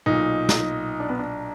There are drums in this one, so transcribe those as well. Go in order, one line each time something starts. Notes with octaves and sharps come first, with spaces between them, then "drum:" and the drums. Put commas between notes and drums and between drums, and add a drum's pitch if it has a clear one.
B1 A#2 D#4
drum: snare
D4
B3
D4